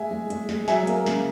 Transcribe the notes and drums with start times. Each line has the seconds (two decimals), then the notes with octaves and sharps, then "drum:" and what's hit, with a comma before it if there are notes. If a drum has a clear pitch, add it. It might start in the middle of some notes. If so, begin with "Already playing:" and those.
Already playing: G#3 E5 G#5
0.11 G#3
0.30 G#3, drum: hi-hat
0.49 G#3, drum: snare
0.68 F#3 E5 G#5, drum: snare
0.87 A#3, drum: hi-hat
1.06 C#3, drum: snare